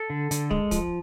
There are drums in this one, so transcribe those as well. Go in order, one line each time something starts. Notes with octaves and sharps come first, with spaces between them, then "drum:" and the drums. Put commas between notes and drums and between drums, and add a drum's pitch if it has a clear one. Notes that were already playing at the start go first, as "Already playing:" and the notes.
Already playing: A4
D3
D3, drum: hi-hat
G#3, drum: kick
F3, drum: kick, hi-hat